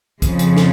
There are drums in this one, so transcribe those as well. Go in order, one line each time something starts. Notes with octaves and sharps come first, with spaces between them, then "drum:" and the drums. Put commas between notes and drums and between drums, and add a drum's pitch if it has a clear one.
F2 C#3 F3, drum: kick, hi-hat
drum: hi-hat
drum: snare